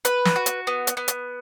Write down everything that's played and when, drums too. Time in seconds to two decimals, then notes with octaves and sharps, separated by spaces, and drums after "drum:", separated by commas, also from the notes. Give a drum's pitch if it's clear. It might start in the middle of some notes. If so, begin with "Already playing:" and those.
0.05 B4, drum: hi-hat
0.25 drum: snare
0.36 F#4
0.46 drum: hi-hat
0.67 B3
0.87 drum: hi-hat
0.97 B3
1.08 drum: hi-hat